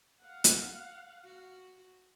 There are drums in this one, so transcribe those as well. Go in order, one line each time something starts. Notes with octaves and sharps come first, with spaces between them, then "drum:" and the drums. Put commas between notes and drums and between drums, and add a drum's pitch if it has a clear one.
F5 F#5
drum: hi-hat
F#4